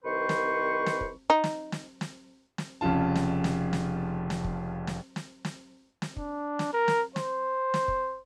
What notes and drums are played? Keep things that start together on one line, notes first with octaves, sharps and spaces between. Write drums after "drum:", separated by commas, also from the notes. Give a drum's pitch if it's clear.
C2 D#3 B4 C5 C#6
drum: snare
drum: snare
drum: kick
D#4
drum: snare
drum: snare
drum: snare
drum: snare
F1 F2 C#3 F4 A5
drum: snare
drum: snare
drum: snare
drum: snare
drum: kick
drum: snare
drum: snare
drum: snare
drum: snare
D4, drum: kick
drum: snare
A#4
drum: snare
C5, drum: snare
drum: snare
drum: kick